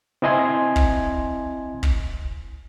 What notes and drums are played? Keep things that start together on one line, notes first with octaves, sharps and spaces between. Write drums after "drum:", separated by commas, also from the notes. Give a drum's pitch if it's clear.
C4 E4 D#5 G#5 C6 G#6
drum: kick
drum: kick